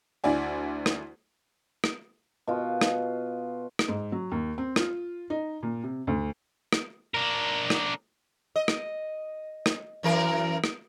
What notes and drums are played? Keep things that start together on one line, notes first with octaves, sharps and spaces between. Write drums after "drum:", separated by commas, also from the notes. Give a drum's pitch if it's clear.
D2 E4 D5 G#5
drum: rim click
drum: rim click
B2 F4
drum: rim click
drum: rim click
G#2
F#3
D#2
C4
F4, drum: rim click
D#4
A#2
C3
D2
drum: rim click
D4 A#4
drum: rim click
D#5
drum: rim click
drum: rim click
F#2 E3 A#4
drum: rim click